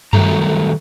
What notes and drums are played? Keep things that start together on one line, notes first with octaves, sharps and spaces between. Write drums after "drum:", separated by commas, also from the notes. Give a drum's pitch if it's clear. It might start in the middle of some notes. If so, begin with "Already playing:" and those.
D#3 F#3 G3 A3 A#5, drum: tom G2